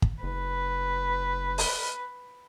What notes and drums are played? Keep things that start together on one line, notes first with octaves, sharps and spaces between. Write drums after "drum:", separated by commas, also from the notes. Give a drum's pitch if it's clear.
drum: kick
F#1 B4
drum: open hi-hat